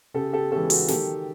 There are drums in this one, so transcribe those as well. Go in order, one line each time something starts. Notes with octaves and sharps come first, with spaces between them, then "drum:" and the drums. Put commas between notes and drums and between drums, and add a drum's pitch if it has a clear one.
C#3 G4 A4
G4 A4
E3 G#3 C#4 G4 A4
F#4 G#4, drum: open hi-hat
D#3 G4 A4, drum: snare